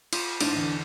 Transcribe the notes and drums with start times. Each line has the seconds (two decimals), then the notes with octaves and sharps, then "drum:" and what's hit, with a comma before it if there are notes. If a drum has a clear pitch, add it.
0.13 F4, drum: cymbal
0.41 A1 G#2 D4, drum: cymbal
0.56 E2 D3